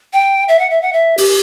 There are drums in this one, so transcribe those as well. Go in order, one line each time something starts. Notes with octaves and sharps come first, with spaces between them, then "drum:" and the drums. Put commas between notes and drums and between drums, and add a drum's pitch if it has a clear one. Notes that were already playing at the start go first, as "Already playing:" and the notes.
G5
E5
F#5
E5
F#5
E5
G4, drum: open hi-hat